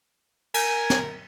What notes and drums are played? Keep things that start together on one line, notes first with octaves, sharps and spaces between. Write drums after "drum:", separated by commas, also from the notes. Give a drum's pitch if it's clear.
A#4 G#5, drum: cymbal
drum: snare